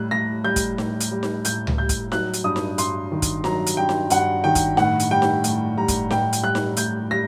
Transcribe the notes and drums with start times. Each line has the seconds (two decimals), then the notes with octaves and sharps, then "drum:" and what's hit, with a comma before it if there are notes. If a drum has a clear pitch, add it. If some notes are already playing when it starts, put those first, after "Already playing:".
Already playing: A2 G3 F#6
0.11 A2 A#6
0.44 G3 G6
0.56 drum: kick, hi-hat
0.78 A2, drum: snare D#4
1.01 drum: hi-hat
1.11 G3
1.23 drum: snare D#4
1.45 A2 G6, drum: hi-hat
1.67 drum: tom C#2
1.78 G3 G6
1.89 drum: kick, hi-hat
2.12 F#3 F#6, drum: snare D#4
2.34 drum: hi-hat
2.44 G2 D#6
2.56 drum: snare D#4
2.78 G2 C6, drum: hi-hat
3.12 D#3
3.22 drum: kick, hi-hat
3.44 F#3 A#5, drum: snare D#4
3.67 drum: hi-hat
3.77 G2 G5
3.89 drum: snare D#4
4.10 G2 F#5, drum: hi-hat
4.44 D#3 G5
4.55 drum: kick, hi-hat
4.77 A2 F#5, drum: snare D#4
5.00 drum: hi-hat
5.11 G3 G5
5.22 drum: snare D#4
5.44 A2, drum: hi-hat
5.77 G3 A#5
5.88 drum: kick, hi-hat
6.11 A2 G5, drum: snare D#4
6.33 drum: hi-hat
6.43 G3 F#6
6.55 drum: snare D#4
6.77 A2 G6, drum: hi-hat
7.11 G3 A#6